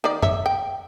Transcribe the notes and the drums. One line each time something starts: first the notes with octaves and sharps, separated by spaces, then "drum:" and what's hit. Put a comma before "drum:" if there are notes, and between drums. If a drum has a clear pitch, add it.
D#3 D5
C#5 E5, drum: tom
G5